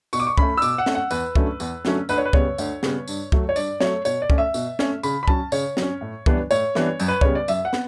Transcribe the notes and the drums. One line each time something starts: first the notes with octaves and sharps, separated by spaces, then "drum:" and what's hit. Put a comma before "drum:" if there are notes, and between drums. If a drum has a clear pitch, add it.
B2 C#6, drum: tambourine
D6
C#6
A3 C#4 B5, drum: kick C#2
E6
B2 D6, drum: tambourine
F#5
A3 C#4, drum: snare
F#5
E2 B4, drum: tambourine
D3 F#3 A3 C#4, drum: kick C#2
E2, drum: tambourine
D3 F#3 A3 C#4, drum: snare
D2 B4, drum: tambourine
C#5
B4
C#3 G3 B3 C#5, drum: kick C#2
D2, drum: tambourine
C#3 G3 B3, drum: snare
G2, drum: tambourine
F#3 A3, drum: kick C#2
C#5
G2 D5, drum: tambourine
F#3 A3 C#5, drum: snare
B2 C#5, drum: tambourine
D5
A3 C#4, drum: kick C#2
E5
B2, drum: tambourine
A3 C#4, drum: snare
C#3 B5, drum: tambourine
B5
F#3 C#4 A5, drum: kick C#2
C#3 C#5, drum: tambourine
F#3, drum: snare
C#4
A2
E3 G3 B3 D4, drum: kick C#2
A2 C#5, drum: tambourine
E3 G3 B3 D4, drum: snare
F#2, drum: tambourine
B4
C#3 G3 B3 C#5, drum: kick C#2
D5
F#2 E5, drum: tambourine
F#5
B3, drum: snare